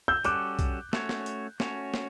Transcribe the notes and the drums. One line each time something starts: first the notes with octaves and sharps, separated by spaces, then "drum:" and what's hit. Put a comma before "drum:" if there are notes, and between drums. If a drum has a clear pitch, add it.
E6 G6
G3 C#4 F#4 A4 D6 F#6, drum: hi-hat
drum: kick B1, hi-hat
A3 C#4 F#4 C#5, drum: snare
drum: snare
drum: hi-hat
A3 C#4 F#4 C#5, drum: snare
drum: snare